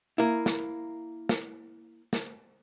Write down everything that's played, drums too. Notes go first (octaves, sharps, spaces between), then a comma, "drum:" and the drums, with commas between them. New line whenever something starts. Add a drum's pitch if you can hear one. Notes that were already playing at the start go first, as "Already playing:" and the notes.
A#3 E4
drum: snare
drum: snare
drum: snare